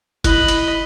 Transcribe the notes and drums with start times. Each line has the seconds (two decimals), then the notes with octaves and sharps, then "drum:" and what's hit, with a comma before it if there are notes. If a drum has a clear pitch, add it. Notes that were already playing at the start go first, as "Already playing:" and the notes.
0.24 E4 D#5 B5 F#6, drum: kick F#1, hi-hat
0.48 drum: hi-hat